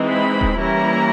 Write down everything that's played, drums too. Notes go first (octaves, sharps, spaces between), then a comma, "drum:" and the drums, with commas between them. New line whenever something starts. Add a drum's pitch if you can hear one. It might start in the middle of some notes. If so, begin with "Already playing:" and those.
Already playing: E3 G#3 C4 D#4
B5
drum: kick D#1
E3 G3 A#3 C#4 E4 A#5